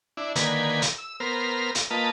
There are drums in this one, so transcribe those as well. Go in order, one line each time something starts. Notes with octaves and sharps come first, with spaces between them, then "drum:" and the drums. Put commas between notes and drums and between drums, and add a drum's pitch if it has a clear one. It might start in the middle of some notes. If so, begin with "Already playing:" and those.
D4 E4
D3 D#3 A#3 B4 G#5, drum: hi-hat
drum: hi-hat
E6
B3 A#4 C5 F6
drum: hi-hat
A#3 F4 B4 D#5 A5